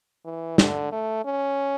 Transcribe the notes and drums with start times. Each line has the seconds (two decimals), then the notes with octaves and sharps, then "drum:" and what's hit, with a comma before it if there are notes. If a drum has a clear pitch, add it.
0.25 E3
0.58 D3, drum: snare
0.92 A3
1.25 C#4